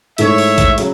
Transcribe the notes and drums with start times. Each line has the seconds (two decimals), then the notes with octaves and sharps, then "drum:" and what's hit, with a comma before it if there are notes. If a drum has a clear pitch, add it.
0.18 G#2 E3 A3 E4 C#5 E5, drum: hi-hat
0.38 drum: open hi-hat
0.58 drum: kick, hi-hat
0.78 C#3 F#3, drum: hi-hat